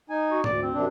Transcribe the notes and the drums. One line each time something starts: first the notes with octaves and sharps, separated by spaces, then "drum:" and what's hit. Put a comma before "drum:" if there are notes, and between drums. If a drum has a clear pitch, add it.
D#4 G#5
F#4
D2 D5, drum: tom G#2
C4
F#2 C3 D4